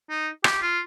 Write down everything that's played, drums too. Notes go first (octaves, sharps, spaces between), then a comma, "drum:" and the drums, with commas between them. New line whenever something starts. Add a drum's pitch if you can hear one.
D#4
G4, drum: rim click
F4